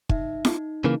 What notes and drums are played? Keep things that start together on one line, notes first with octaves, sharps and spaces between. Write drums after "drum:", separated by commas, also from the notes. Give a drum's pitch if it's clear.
D#4 E5, drum: kick
D#4, drum: snare
C#3 E3 A#3